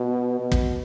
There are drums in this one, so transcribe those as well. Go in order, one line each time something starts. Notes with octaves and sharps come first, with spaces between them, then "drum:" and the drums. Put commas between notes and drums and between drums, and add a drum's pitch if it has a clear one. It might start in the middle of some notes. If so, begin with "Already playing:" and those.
Already playing: B2
B2
drum: kick